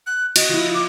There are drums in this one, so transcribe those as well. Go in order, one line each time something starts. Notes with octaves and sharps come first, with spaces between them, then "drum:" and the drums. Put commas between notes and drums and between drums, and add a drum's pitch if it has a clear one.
F#6
F#4 D#5, drum: cymbal
F3 E4
D6